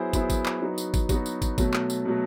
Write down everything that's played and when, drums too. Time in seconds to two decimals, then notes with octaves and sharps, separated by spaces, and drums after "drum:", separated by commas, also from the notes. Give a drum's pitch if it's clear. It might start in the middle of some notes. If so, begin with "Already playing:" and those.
Already playing: F#3 B3 E4 G#4 C5
0.13 F#3 B3 E4 G#4 C5, drum: kick, tambourine
0.30 drum: kick, tambourine
0.46 drum: clap
0.61 F#3 B3 D#4 F#4
0.78 drum: tambourine
0.94 drum: kick, tambourine
1.09 F#3 B3 D#4 F#4, drum: kick, tambourine
1.26 drum: tambourine
1.42 drum: kick, tambourine
1.58 B2 F#3 A3, drum: kick, tambourine
1.74 drum: clap
1.90 drum: tambourine
2.05 B2 F#3 A3